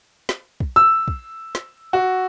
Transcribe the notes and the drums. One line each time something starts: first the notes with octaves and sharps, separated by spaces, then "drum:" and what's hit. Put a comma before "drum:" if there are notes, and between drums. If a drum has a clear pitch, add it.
drum: snare
drum: kick
E6
drum: kick
drum: snare
F#4